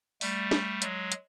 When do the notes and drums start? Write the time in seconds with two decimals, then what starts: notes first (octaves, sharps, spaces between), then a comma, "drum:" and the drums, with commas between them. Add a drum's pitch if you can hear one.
0.21 G3 A3, drum: open hi-hat
0.51 drum: snare
0.82 F#3 G#3, drum: hi-hat
1.12 drum: hi-hat